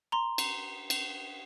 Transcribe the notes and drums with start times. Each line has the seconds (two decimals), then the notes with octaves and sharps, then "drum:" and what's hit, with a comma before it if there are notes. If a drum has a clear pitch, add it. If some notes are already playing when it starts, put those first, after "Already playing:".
0.12 A#5 C6
0.38 drum: cymbal
0.90 drum: cymbal